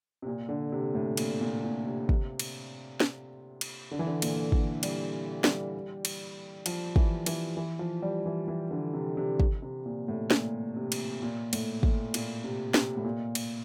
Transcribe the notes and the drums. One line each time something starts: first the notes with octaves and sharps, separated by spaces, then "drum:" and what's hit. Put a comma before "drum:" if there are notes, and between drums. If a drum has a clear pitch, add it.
C3
A#2
D3
C3
A2
A#2, drum: cymbal
A#2
A#2
C3
drum: kick
drum: cymbal
drum: snare
drum: cymbal
D3
E3
D3
A#2, drum: cymbal
D3, drum: kick
G3, drum: cymbal
G3, drum: snare
drum: cymbal
F3, drum: cymbal
E3, drum: kick
E3, drum: cymbal
E3
F3
G3
E3
E3
D3
C3
C3
drum: kick
C3
A#2
A2
A#2, drum: snare
C3
drum: cymbal
A#2
A2, drum: cymbal
A2, drum: kick
A#2, drum: cymbal
C3
C3, drum: snare
A2
A#2
drum: cymbal